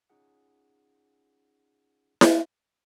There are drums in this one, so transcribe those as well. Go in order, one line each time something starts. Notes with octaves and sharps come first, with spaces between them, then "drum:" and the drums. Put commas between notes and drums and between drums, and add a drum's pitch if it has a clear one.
C#4 D#4 F4 G#4 F#5
drum: snare E4